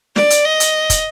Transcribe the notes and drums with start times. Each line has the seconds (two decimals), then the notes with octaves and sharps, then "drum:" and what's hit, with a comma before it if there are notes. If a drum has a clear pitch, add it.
0.16 D5, drum: snare
0.30 drum: hi-hat
0.45 D#5
0.60 drum: hi-hat
0.90 drum: kick, hi-hat